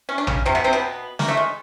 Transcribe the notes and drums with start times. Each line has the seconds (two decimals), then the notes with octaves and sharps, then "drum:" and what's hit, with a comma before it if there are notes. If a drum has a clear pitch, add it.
0.09 C#4
0.18 D4
0.27 C#3 C#4, drum: tom A#1
0.46 C3 C4
0.55 B2 B3
0.64 C3 C4
0.73 B2 B3
1.19 A#3, drum: snare
1.28 A3
1.37 G#3